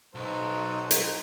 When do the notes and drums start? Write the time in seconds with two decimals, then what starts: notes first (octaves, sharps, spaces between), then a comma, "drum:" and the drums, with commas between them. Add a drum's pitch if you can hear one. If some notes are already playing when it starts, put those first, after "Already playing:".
0.15 B1 F#3 D#4 A4 B4 C5
0.91 drum: hi-hat